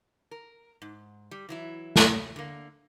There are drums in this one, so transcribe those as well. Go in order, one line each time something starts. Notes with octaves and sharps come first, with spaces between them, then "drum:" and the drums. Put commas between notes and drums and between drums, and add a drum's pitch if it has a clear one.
A#4
G#2
G3
E3 F#3 E4
drum: snare
D3 A#3